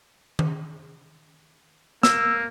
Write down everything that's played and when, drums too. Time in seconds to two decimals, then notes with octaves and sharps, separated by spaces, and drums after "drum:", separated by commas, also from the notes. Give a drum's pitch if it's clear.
0.39 drum: tom D#3
2.03 A#3 E6, drum: snare